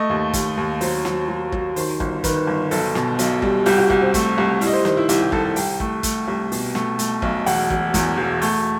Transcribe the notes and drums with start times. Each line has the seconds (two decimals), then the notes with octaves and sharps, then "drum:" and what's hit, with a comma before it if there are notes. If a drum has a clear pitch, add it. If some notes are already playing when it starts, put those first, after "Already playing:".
Already playing: A3 D#5
0.10 D#2
0.33 D#2, drum: kick, hi-hat
0.57 D#2
0.81 F#3 C5, drum: open hi-hat
1.05 F#3, drum: snare
1.28 F#3
1.52 F#3, drum: kick
1.76 D#3 C5, drum: open hi-hat
2.00 G1, drum: kick
2.24 D#3 B4, drum: kick, hi-hat
2.47 G1
2.71 B1 A4, drum: open hi-hat
2.95 B2, drum: snare
3.19 B1, drum: hi-hat
3.42 G3, drum: kick
3.66 C2 G4, drum: open hi-hat
3.78 F#4
3.90 C2, drum: kick
4.02 C4
4.14 A3, drum: kick, hi-hat
4.38 C2
4.61 G3 E4, drum: open hi-hat
4.67 D#5
4.73 C5
4.85 D#3 C5, drum: snare
4.97 E4
5.09 C2 E4, drum: hi-hat
5.20 G4
5.32 C2 A4, drum: kick
5.45 A4
5.56 C2 G5, drum: open hi-hat
5.80 A3, drum: kick
6.03 A3, drum: kick, hi-hat
6.28 C2
6.52 B2, drum: open hi-hat
6.75 A3, drum: snare
6.99 A3, drum: hi-hat
7.22 B1, drum: kick
7.46 E1 F#5, drum: open hi-hat
7.70 E1, drum: kick
7.94 E2, drum: kick, hi-hat
8.17 E1
8.42 A3, drum: open hi-hat